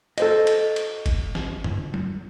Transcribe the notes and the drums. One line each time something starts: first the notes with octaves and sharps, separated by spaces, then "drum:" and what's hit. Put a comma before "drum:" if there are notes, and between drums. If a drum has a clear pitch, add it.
A4 C5 D#5, drum: cymbal
drum: cymbal
drum: cymbal
drum: kick, cymbal
drum: snare
drum: tom F#2
drum: tom F#3